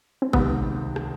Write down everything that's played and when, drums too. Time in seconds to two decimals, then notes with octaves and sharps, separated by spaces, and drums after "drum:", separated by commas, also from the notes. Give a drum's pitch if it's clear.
0.22 C4
0.33 C#2 C3 D#3 B3, drum: kick G#1
0.96 drum: rim click